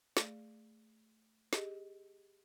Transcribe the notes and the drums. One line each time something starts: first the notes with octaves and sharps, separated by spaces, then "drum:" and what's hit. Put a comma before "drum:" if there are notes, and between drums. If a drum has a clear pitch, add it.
A3 G#4 D5, drum: snare
G4 G#4 D#5, drum: snare